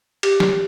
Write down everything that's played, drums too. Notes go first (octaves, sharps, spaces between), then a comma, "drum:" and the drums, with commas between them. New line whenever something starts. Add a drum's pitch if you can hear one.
G4, drum: cymbal
drum: snare